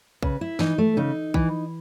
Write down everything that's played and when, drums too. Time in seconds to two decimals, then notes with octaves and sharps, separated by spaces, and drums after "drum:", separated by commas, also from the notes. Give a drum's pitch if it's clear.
0.23 C#3 B4, drum: kick A#1
0.41 E4
0.59 E3 D#4, drum: snare
0.78 A3
0.97 C#3 D#4
1.34 E3, drum: kick A#1